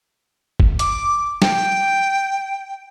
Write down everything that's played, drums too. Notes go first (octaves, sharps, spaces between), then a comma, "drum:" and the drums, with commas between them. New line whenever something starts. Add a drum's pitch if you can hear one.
drum: kick G1
D6, drum: hi-hat
G5, drum: snare